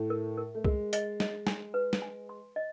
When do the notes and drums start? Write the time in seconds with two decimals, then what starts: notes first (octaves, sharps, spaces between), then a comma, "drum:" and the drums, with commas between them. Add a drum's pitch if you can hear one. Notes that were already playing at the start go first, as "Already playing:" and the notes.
Already playing: A2 A3
0.10 A#4
0.37 A#4
0.55 A3
0.65 G#3 A#4, drum: kick C2
0.93 D#5, drum: hi-hat
1.20 D#5, drum: snare
1.47 G#5, drum: snare
1.74 B4
1.93 drum: snare
2.02 G#5
2.29 C6
2.56 D#5